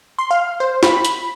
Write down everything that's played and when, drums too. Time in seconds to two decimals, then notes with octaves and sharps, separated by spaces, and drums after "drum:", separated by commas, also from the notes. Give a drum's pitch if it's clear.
0.19 C6
0.31 F5
0.60 C5
0.83 B5, drum: snare
1.05 drum: hi-hat